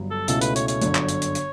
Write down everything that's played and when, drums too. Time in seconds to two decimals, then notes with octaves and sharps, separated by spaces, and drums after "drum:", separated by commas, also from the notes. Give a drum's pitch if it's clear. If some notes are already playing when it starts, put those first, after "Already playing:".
Already playing: G1 G2 F#3
0.11 A4
0.28 C#2 B2 A3 C#4 E4 A4, drum: hi-hat
0.41 B4, drum: hi-hat
0.56 C#5, drum: hi-hat
0.68 C#5, drum: hi-hat
0.81 G1 F#2 D3, drum: hi-hat
0.95 drum: clap
1.08 drum: hi-hat
1.22 drum: hi-hat
1.35 drum: hi-hat